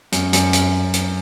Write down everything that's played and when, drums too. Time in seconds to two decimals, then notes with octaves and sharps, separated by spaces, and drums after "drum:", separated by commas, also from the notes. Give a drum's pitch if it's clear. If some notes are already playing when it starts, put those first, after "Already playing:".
0.12 F#2, drum: hi-hat
0.33 F#2, drum: hi-hat
0.53 drum: hi-hat
0.94 drum: hi-hat